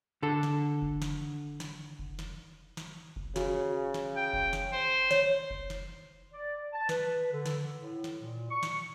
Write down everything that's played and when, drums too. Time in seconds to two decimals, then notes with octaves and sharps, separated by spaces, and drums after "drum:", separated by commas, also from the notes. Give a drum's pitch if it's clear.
0.23 D3 A4
0.43 drum: snare
0.82 drum: kick F1
1.02 drum: snare
1.60 drum: snare
1.99 drum: kick F1
2.19 drum: snare
2.77 drum: snare
3.16 drum: kick F1
3.36 C#3 F#4, drum: snare
3.94 drum: snare
4.17 G5
4.33 drum: kick F1
4.53 drum: snare
4.73 C5
5.11 C#5, drum: snare
5.50 drum: kick F1
5.70 drum: snare
6.33 D5
6.73 A5
6.89 B4, drum: snare
7.32 D3
7.46 drum: snare
7.78 A2
8.04 drum: snare
8.20 A#2
8.51 C#6
8.63 drum: snare